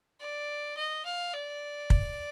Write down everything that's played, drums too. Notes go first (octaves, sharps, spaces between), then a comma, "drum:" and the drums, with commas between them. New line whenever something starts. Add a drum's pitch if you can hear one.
D5
D#5
F5
D5
drum: kick